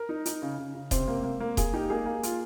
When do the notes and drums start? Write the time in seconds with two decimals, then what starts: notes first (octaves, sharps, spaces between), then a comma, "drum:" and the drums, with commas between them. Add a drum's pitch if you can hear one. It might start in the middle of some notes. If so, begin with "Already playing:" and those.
Already playing: A#4
0.09 D#4
0.25 D#4, drum: hi-hat
0.42 C#3
0.58 C#3
0.75 C#3
0.91 C3 C5, drum: kick D#1, hi-hat
1.08 A#3
1.24 A#3
1.40 A#3
1.57 A#3 G#4, drum: kick D#1, hi-hat
1.73 D#4 G4
1.90 A#3 G#4
2.06 A#3
2.23 F4, drum: hi-hat